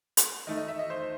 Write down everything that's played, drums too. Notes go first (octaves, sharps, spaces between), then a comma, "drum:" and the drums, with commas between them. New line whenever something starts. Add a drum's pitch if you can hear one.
drum: hi-hat
D#3 A3 D#4 D#5
D#5
E5
D#5
C5